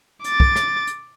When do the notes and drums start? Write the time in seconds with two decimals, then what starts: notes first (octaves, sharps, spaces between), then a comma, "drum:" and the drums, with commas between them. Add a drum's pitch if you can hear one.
0.24 D6 A6, drum: hi-hat
0.40 drum: kick
0.56 drum: rim click
0.87 drum: hi-hat